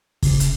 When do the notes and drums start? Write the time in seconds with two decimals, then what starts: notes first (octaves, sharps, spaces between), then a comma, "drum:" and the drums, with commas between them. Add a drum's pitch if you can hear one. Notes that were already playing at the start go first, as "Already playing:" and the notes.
0.23 C#3, drum: kick, open hi-hat
0.40 drum: hi-hat